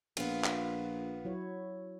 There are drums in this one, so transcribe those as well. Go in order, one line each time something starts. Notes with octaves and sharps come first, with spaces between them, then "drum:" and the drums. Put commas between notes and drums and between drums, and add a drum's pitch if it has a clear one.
A#1 B3 F4, drum: cymbal
drum: clap
F#3 E4 C#5